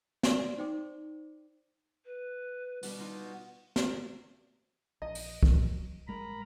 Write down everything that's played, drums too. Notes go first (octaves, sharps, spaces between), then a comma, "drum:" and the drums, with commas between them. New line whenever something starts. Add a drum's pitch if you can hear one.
D5 C6, drum: snare
D#4 C5 G5 D6
B4
B2 G3 D4 B5, drum: open hi-hat
D#4 F4 F#4
drum: snare
A#1 D#5
drum: open hi-hat
F#3, drum: kick
A1 G3 G#3 A#4 A#5 B5